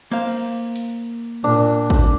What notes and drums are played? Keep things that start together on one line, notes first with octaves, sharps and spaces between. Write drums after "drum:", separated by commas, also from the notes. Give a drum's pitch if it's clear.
A#3 C5 F5
drum: cymbal
drum: hi-hat
A#2 D4
drum: kick